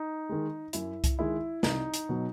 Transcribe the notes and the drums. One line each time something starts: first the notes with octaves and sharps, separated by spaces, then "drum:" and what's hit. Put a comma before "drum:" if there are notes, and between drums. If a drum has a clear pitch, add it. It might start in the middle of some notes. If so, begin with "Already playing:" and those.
Already playing: D#4
D#3 G#3
F#2 E4, drum: hi-hat
drum: kick C2, hi-hat
D#3 G#3 E4
C2 D#4, drum: snare
drum: hi-hat
B2 F#3